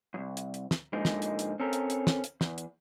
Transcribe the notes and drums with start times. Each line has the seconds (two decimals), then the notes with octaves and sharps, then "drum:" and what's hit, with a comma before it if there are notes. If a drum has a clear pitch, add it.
0.14 C2 F#2
0.37 drum: hi-hat
0.54 drum: hi-hat
0.71 drum: snare
0.93 G#2 D3 F3 G#3 A#3 D#4
1.05 drum: snare
1.22 drum: hi-hat
1.39 drum: hi-hat
1.60 C4 C#4 A4 A#4
1.73 drum: hi-hat
1.90 drum: hi-hat
2.07 drum: snare
2.24 drum: hi-hat
2.41 E2, drum: snare
2.58 drum: hi-hat